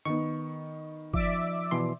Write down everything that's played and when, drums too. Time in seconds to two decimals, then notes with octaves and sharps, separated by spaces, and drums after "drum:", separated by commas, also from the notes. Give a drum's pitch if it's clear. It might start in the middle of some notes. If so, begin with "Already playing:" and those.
0.05 D#3 B3 C#6
1.14 F3 D5 E5 D6, drum: kick
1.71 B2 E3 C6